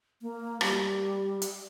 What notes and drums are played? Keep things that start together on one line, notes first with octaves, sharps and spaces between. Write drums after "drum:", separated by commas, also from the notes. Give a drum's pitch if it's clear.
A#3
G3, drum: rim click
drum: hi-hat